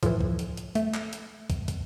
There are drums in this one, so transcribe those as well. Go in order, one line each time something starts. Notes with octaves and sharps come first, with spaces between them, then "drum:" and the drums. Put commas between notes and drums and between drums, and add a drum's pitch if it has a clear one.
A2 E3 F3, drum: kick, hi-hat
drum: kick
drum: hi-hat
drum: hi-hat
A3, drum: hi-hat
drum: clap
drum: hi-hat
drum: kick, hi-hat
drum: kick, hi-hat